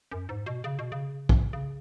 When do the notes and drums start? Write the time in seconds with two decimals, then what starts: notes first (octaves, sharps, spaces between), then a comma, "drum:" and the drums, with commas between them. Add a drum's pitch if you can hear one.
0.11 F#2
0.29 G#2
0.46 B2
0.64 C#3
0.79 B2
0.92 C#3
1.29 drum: kick
1.53 C#3